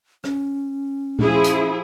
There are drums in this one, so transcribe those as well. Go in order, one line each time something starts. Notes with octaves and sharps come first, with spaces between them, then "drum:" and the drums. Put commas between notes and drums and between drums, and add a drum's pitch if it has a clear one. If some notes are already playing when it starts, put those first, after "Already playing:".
C#4, drum: rim click
F3 E4 G#4, drum: tom A#2
drum: hi-hat